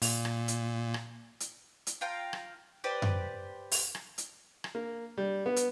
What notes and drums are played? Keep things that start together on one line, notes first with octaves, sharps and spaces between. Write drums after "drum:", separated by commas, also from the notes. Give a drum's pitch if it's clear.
A#2, drum: open hi-hat
drum: rim click
drum: hi-hat
drum: rim click
drum: hi-hat
drum: hi-hat
F4 F5 G5 A#5
drum: rim click
G4 B4 C5 D5
drum: tom F#2
drum: open hi-hat
drum: rim click
drum: hi-hat
drum: rim click
A#3
G3
B3
drum: hi-hat